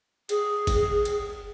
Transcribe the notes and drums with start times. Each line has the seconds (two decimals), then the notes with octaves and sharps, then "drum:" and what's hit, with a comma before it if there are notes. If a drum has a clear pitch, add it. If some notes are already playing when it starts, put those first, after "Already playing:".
0.29 G#4, drum: cymbal
0.67 drum: kick, cymbal
1.05 drum: cymbal